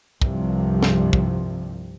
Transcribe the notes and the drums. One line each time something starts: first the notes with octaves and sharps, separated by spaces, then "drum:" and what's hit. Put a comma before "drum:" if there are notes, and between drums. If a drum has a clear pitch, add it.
C2 G2 C3 F3, drum: kick
drum: snare
drum: kick